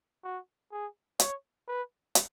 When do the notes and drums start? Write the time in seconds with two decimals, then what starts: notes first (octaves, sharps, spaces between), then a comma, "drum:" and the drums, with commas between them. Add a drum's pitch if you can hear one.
0.24 F#4
0.72 G#4
1.20 C#5, drum: hi-hat
1.67 B4
2.15 drum: hi-hat